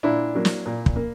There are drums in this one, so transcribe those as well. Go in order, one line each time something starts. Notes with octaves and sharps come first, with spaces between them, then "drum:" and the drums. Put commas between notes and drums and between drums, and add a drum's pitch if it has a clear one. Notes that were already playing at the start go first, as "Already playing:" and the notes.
A#2 D4 E4
F#3 A#3
drum: snare
A#2
drum: kick
A#3